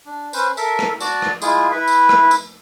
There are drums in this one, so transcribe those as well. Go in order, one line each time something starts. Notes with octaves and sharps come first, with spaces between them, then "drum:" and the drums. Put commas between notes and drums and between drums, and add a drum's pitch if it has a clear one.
D4
C#4 B4 C5, drum: tambourine
A4 A#4 E5, drum: tambourine
drum: rim click
F#4 D5 A5, drum: tambourine
drum: rim click
G#3 E4 F4 G#4, drum: tambourine
E4 B4 E5
drum: tambourine
drum: rim click
drum: tambourine